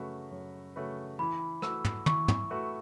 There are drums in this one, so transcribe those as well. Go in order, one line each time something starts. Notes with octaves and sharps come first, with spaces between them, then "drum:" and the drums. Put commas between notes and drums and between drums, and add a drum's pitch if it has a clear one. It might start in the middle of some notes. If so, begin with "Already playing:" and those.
Already playing: F#2 C#3 A3 F#4 B4
F#2
C#3 A3 F#4 B4
E3 B5
A3 F#4 B4 E6, drum: rim click
drum: tom
E3 C#6, drum: tom
drum: tom
A3 F#4 B4